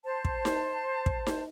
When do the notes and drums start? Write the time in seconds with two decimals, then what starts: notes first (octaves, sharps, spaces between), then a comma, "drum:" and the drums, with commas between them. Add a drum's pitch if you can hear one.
0.04 C5 A5
0.25 drum: kick
0.45 drum: snare D#4
1.06 drum: kick
1.27 drum: snare D#4